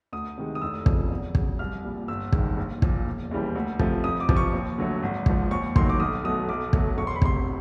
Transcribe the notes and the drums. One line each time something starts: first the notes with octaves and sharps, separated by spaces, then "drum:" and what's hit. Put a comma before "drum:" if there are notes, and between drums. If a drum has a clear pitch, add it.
D2 D#6
C3 D#3 G#3
D#6
F1 E6
F2 C#3 F3 G#3, drum: kick
E2
C#3 F#3, drum: kick
C2 F6
A#2 G3
G1 E6
G2 D#3 G#3, drum: kick
A#1
A#2 F3, drum: kick
E1
D#2 C#3 E3 G3
D2
C3 F3 A3, drum: kick
F2 D#6
D6
C3 F3, drum: kick
C#6
D#2
D3 F#3 A3
G#1
G#2 F3, drum: kick
D#2 C#6
D#3 F#3 A3 C6, drum: kick
D6
B1 D#6
B2 F#3 A3 D#6
B1 D6
B2 F#3 A3, drum: kick
E1 C#6
C6
B5
D2 C3 C6, drum: kick